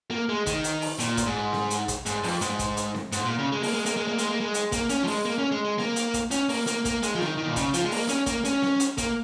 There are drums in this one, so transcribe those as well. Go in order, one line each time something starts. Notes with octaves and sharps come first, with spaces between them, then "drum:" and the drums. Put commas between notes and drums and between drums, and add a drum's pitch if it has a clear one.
A#3
G#3
D#3, drum: kick, hi-hat
drum: hi-hat
drum: open hi-hat
A#2, drum: hi-hat
drum: kick, hi-hat
G#2
drum: snare C4
drum: hi-hat
drum: kick, hi-hat
G#2, drum: hi-hat
F2, drum: open hi-hat
G#2, drum: hi-hat
drum: kick, hi-hat
drum: hi-hat
drum: snare C4
G#2, drum: hi-hat
A#2
C#3
G#3
A#3, drum: open hi-hat
G#3
A#3, drum: hi-hat
G#3
A#3
G#3, drum: hi-hat
A#3
G#3
drum: hi-hat
A#3, drum: kick, hi-hat
C#4, drum: hi-hat
F3
G#3, drum: open hi-hat
A#3
C#4
G#3
G#3
A#3, drum: snare C4
drum: hi-hat
drum: kick, hi-hat
C#4, drum: hi-hat
A#3, drum: open hi-hat
A#3, drum: hi-hat
A#3, drum: kick, hi-hat
G#3, drum: hi-hat
F3
D#3, drum: snare C4
D#3
A#2
C#3, drum: kick, hi-hat
F3, drum: hi-hat
G#3
A#3, drum: open hi-hat
C#4, drum: hi-hat
A#3, drum: kick, hi-hat
C#4, drum: hi-hat
drum: snare C4
drum: hi-hat
A#3, drum: kick, hi-hat